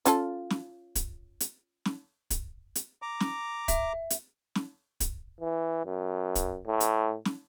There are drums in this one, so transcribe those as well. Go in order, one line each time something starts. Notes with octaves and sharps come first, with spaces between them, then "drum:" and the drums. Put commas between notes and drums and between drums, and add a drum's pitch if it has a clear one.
C#4 F4 A4, drum: hi-hat
drum: snare
drum: kick, hi-hat
drum: hi-hat
drum: snare
drum: kick, hi-hat
drum: hi-hat
A#5 D6
drum: snare
E5, drum: kick, hi-hat
drum: hi-hat
drum: snare
drum: kick, hi-hat
E3
F#2
drum: kick, hi-hat
A2
drum: hi-hat
drum: snare